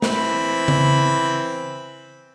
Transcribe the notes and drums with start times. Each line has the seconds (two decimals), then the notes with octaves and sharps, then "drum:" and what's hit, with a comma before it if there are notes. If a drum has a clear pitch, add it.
0.02 E3 C4 B5, drum: snare
0.68 drum: tom C#3